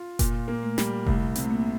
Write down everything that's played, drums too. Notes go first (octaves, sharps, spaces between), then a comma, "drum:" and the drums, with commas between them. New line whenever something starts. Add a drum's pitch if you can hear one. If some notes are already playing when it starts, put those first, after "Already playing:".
Already playing: F4
A#2, drum: kick F1, hi-hat
A#3
A3
G3, drum: snare
C2 A3, drum: kick F1
C3, drum: hi-hat
A3
A#3